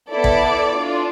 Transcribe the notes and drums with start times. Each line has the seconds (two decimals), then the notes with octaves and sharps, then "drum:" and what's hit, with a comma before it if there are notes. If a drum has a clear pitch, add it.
0.10 B3 E4 A4 D5
0.24 drum: kick A1
0.72 D4 F4 A4